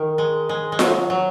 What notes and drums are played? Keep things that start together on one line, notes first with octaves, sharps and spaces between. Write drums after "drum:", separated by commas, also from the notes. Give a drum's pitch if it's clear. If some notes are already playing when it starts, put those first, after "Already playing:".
Already playing: D#3
G#3
G#3
G#3
F#3, drum: snare F4
F#3